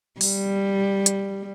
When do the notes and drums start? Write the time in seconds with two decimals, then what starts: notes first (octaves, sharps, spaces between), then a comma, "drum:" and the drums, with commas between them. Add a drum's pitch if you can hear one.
0.21 G3, drum: open hi-hat
1.06 drum: hi-hat